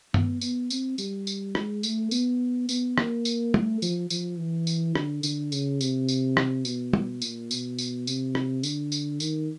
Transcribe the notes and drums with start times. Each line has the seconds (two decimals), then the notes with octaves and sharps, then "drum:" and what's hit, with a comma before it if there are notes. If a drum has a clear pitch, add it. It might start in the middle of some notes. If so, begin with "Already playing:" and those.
0.14 B3, drum: tom G2
0.41 B3, drum: tambourine
0.70 C4, drum: tambourine
0.98 G3, drum: tambourine
1.27 drum: tambourine
1.55 G#3, drum: rim click
1.83 A3, drum: tambourine
2.11 B3, drum: tambourine
2.69 B3, drum: tambourine
2.98 A#3, drum: rim click
3.25 drum: tambourine
3.54 A3, drum: tom
3.82 F3, drum: tambourine
4.10 F3, drum: tambourine
4.38 E3
4.67 drum: tambourine
4.95 D3, drum: rim click
5.23 D3, drum: tambourine
5.52 C#3, drum: tambourine
5.81 C3, drum: tambourine
6.09 drum: tambourine
6.37 drum: rim click
6.65 B2, drum: tambourine
6.93 drum: tom
7.22 A#2, drum: tambourine
7.51 B2, drum: tambourine
7.78 drum: tambourine
8.07 C3, drum: tambourine
8.35 drum: rim click
8.63 D3, drum: tambourine
8.92 drum: tambourine
9.20 D#3, drum: tambourine